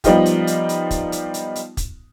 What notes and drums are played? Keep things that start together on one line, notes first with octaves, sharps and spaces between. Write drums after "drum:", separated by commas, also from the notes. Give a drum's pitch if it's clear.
F3 G3 B3 D#4 F4 G4, drum: kick, hi-hat
drum: hi-hat
drum: hi-hat
drum: hi-hat
drum: kick, hi-hat
drum: hi-hat
drum: hi-hat
drum: hi-hat
drum: kick, hi-hat